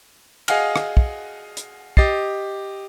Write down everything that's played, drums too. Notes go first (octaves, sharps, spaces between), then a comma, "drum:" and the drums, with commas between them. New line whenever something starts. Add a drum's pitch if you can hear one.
G#4 D#5 F5 F#5 G#5 F6, drum: cymbal
drum: rim click
drum: kick
drum: hi-hat
G4 D#5 A6 C7, drum: kick